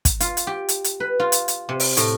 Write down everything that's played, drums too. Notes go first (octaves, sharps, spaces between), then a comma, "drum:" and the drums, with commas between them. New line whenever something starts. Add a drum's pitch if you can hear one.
drum: kick, hi-hat
F4, drum: hi-hat
drum: hi-hat
G4
drum: hi-hat
drum: hi-hat
B4
F4
drum: hi-hat
drum: hi-hat
C3
drum: open hi-hat
A2, drum: hi-hat